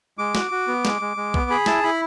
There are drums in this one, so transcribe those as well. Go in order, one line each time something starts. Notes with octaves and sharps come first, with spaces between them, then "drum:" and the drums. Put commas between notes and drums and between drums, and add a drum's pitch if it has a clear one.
G#3 D6
F#4, drum: snare
F#4
B3
G#3, drum: snare
G#3
G#3
B3, drum: kick B1
G#4 B5
E4 A5, drum: snare
E4 B5